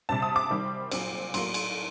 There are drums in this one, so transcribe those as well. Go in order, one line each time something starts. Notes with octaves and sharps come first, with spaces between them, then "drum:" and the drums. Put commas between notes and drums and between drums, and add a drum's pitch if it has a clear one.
C3 G3 C4 A5
D#6
D6
D#3 G3 C4
A#2 F#3 C4, drum: cymbal
A2 F#3 A#3 C6, drum: cymbal
drum: cymbal